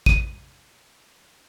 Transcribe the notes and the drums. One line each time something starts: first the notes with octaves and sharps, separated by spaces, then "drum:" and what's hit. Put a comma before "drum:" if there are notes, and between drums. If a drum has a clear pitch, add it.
D#7, drum: kick